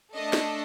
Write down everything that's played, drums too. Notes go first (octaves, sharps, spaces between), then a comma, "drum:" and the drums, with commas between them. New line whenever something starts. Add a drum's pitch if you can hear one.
A3 D4 A4 D#5
drum: snare